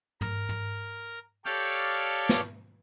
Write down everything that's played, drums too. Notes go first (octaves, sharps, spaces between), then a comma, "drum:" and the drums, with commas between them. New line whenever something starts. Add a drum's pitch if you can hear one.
A#4, drum: tom
drum: tom
G4 A4 C#5 D5 F5 G5, drum: hi-hat
drum: snare